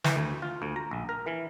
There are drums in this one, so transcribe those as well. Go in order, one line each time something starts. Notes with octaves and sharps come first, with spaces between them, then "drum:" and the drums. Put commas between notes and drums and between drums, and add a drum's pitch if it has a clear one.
E3, drum: snare
D2
F4
D2
A#5
A#1
A#4
E3